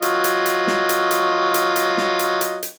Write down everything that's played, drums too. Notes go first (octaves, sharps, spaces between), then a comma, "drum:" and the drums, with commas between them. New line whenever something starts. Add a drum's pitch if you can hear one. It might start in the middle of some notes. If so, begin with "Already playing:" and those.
F#3 F4 D#5, drum: hi-hat
drum: hi-hat
drum: hi-hat
drum: snare
drum: hi-hat
drum: hi-hat
drum: hi-hat
drum: hi-hat
drum: snare
drum: hi-hat
drum: hi-hat
drum: hi-hat